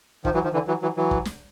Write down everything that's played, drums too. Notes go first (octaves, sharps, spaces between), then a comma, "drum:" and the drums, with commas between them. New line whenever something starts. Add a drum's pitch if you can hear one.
D#3 F3, drum: kick
E3 F#3
D#3 F3
D3 E3
E3 F#3
E3 F#3
E3 F#3
drum: kick
drum: snare